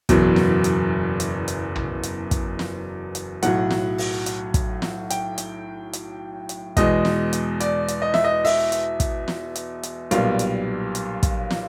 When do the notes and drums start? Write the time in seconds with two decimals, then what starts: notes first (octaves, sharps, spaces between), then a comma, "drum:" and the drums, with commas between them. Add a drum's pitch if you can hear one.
0.09 F#1 E2 B2 F#3, drum: kick, hi-hat
0.36 drum: snare
0.64 drum: hi-hat
1.20 drum: hi-hat
1.48 drum: hi-hat
1.75 drum: tom
2.03 drum: hi-hat
2.31 drum: kick, hi-hat
2.59 drum: snare
3.15 drum: hi-hat
3.42 B1 A2 F#3 F#5, drum: hi-hat
3.70 drum: snare
3.98 drum: open hi-hat
4.26 drum: hi-hat
4.54 drum: kick, hi-hat
4.82 drum: snare
5.10 G5, drum: hi-hat
5.38 drum: hi-hat
5.93 drum: hi-hat
6.49 drum: hi-hat
6.77 E2 B2 G#3 D#5, drum: kick, hi-hat
7.05 drum: snare
7.33 drum: hi-hat
7.60 D5, drum: hi-hat
7.88 drum: hi-hat
8.02 D#5
8.14 E5, drum: snare
8.24 D#5
8.45 E5, drum: open hi-hat
8.72 drum: hi-hat
9.00 drum: kick, hi-hat
9.28 drum: snare
9.55 drum: hi-hat
9.83 drum: hi-hat
10.11 B1 A#2 G3 B3 F5, drum: hi-hat
10.39 drum: hi-hat
10.95 drum: hi-hat
11.23 drum: kick, hi-hat
11.50 drum: snare